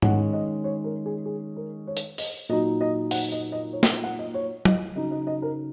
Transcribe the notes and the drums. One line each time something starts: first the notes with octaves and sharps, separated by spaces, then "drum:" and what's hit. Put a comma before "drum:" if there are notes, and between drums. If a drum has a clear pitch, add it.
D#3 G#3 C#4 F#5, drum: tom G#2
D#5
C#5
A#4
G#4
G#4
A#4
C#5
drum: hi-hat
D#5, drum: open hi-hat
A#2 F#3 D#4 D#5
D#5
F#5, drum: open hi-hat
D#5
D#5
C#5
drum: snare
F#5
D#5
C#5
D#5, drum: tom F#3
C#3 F#3 D#4 D#5
D#5
D#5
A#4